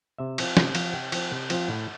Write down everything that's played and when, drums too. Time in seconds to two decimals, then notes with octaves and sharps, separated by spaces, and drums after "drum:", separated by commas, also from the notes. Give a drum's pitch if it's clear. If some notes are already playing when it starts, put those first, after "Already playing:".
0.18 C3 E5
0.38 F3 C4 F4, drum: cymbal
0.57 C3, drum: snare
0.75 F3 C4 F4, drum: cymbal
0.93 C3 G5
1.12 F3 C4 F4, drum: cymbal
1.32 C3
1.50 F3 C4 F4, drum: cymbal
1.68 A2